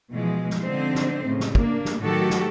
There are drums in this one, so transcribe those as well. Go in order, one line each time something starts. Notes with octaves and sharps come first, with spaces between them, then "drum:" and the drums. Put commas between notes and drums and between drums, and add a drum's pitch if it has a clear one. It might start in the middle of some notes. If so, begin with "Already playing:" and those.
B2 E3 F3 G#3
drum: snare
D3 F3 C4 D#4 C5
drum: snare
A2 C#3
drum: snare
A#3 D4, drum: kick
drum: snare
A2 D#3 F#3 F#4 G4 A4
drum: snare